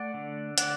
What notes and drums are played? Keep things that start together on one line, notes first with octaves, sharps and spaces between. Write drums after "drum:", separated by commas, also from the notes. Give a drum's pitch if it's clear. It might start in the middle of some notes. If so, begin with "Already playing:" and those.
Already playing: A3 D5 F#5
D3
D3 D5 F#5, drum: hi-hat